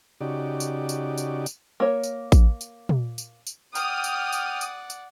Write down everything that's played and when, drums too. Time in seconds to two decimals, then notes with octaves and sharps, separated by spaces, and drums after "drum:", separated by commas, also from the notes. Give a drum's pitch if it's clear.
0.21 C#3 D#4 F#4 G4 D5
0.60 drum: tambourine
0.89 drum: tambourine
1.18 drum: tambourine
1.46 drum: tambourine
1.80 A#3 C#5
2.03 drum: tambourine
2.32 drum: kick A1, tambourine
2.61 drum: tambourine
2.89 drum: tom A#2
3.18 drum: tambourine
3.47 drum: tambourine
3.75 D5 F#5 G5 D#6 F6, drum: tambourine
4.04 drum: tambourine
4.33 drum: tambourine
4.61 drum: tambourine
4.90 drum: tambourine